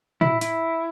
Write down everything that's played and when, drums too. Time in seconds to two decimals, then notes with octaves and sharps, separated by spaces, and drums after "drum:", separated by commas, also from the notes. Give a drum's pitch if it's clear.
0.21 E4, drum: tom
0.41 E4, drum: hi-hat